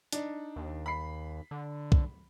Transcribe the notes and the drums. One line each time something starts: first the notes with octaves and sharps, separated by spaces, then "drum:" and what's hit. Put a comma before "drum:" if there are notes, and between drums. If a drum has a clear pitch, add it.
D4 D#4, drum: hi-hat
D#2
B5 C7
D3
drum: kick